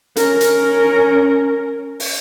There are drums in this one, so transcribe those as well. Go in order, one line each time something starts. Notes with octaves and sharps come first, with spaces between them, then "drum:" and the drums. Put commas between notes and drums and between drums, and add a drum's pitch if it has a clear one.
C#4 A#4, drum: hi-hat
drum: hi-hat
drum: open hi-hat